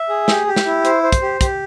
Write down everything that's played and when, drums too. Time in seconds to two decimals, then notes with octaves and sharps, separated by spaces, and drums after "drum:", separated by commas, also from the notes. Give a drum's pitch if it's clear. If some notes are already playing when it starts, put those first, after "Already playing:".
Already playing: E5
0.09 G#4
0.28 G4, drum: snare
0.47 G4
0.56 drum: snare
0.66 E4
0.85 C5, drum: hi-hat
1.03 C5
1.12 drum: kick, hi-hat
1.22 G4
1.41 G4, drum: kick, hi-hat